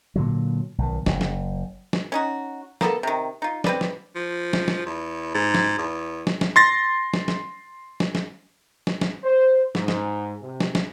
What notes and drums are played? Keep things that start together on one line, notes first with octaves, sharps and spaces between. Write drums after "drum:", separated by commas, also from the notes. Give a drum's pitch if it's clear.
A#2 D3 F#3
B1 D#3
F#1, drum: snare
drum: snare
drum: snare
C#4 D#4 F#4
A#3 B3 G4 A4, drum: snare
C3 D#3
D#4 F4
C4 B4 D5, drum: snare
drum: snare
F3
drum: snare
drum: snare
E2
G#2
drum: snare
E2
drum: snare
drum: snare
C6 A6 A#6
drum: snare
drum: snare
drum: snare
drum: snare
drum: snare
drum: snare
C5
G#2, drum: snare
drum: snare
C3
drum: snare
drum: snare